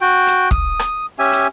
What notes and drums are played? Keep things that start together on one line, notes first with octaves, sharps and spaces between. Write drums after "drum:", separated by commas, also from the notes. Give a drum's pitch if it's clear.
F#4 G5
drum: hi-hat
D#6, drum: kick
drum: rim click
C#4 G4 E5 G#5
drum: hi-hat